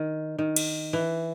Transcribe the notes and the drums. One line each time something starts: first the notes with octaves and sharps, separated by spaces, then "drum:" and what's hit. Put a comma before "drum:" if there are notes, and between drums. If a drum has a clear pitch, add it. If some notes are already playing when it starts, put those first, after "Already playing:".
Already playing: D#3
D#3
drum: cymbal
E3